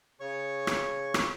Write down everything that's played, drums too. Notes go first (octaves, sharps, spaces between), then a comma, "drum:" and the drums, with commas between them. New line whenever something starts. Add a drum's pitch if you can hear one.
C#3 C#5 C#6
drum: rim click
drum: rim click